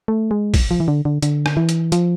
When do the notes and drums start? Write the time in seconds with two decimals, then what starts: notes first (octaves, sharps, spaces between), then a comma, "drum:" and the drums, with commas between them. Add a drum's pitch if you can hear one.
0.08 A3
0.31 G#3
0.54 drum: kick A#1, open hi-hat
0.71 F3
0.80 E3
0.88 D3
1.05 D3
1.22 D3, drum: hi-hat
1.46 drum: rim click
1.57 E3
1.69 drum: hi-hat
1.92 F3, drum: hi-hat